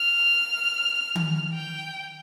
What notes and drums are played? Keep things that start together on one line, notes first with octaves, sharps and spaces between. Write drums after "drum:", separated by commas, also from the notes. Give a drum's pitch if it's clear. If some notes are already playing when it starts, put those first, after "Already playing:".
Already playing: F6
drum: tom D#3
G5